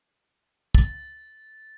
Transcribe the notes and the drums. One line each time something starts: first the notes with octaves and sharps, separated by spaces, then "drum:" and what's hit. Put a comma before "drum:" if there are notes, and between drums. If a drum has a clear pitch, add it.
A6, drum: kick